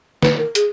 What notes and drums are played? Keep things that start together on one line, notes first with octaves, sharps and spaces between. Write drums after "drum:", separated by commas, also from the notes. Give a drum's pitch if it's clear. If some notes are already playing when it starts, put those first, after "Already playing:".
B4, drum: snare
A#4
G#4, drum: hi-hat